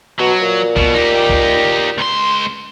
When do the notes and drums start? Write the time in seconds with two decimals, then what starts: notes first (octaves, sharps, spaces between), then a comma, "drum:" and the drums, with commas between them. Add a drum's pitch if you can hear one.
0.20 B2 F#3
0.41 A#2
0.76 B2, drum: kick C2
0.94 D#4 G4
1.29 drum: kick C2
1.98 C#2 C6